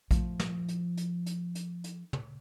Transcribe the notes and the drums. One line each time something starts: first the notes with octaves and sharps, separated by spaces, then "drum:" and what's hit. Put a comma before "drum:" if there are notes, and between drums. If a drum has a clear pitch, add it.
F3 A3, drum: kick A#1, hi-hat
drum: snare
drum: hi-hat
drum: hi-hat
drum: hi-hat
drum: hi-hat
drum: hi-hat
drum: tom